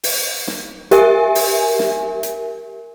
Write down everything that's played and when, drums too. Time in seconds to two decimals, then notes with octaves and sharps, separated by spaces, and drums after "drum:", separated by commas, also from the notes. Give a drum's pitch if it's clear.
0.04 drum: open hi-hat
0.47 drum: snare
0.91 G4 A#4 E5 G#5, drum: hi-hat
1.35 drum: open hi-hat
1.79 drum: snare
2.23 drum: hi-hat